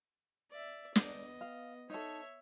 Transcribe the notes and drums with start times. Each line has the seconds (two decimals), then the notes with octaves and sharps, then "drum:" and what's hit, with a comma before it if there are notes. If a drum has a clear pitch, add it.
0.52 D5 E5
0.96 B3 D5 D#5, drum: snare
1.41 F5
1.90 D#4 A4 C#5 E5